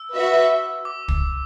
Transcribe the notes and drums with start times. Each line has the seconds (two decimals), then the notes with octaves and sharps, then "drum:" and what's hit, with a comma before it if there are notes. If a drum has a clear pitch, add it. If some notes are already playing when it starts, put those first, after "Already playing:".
Already playing: E6
0.14 F#4 B4 E5
0.85 D6
1.08 drum: kick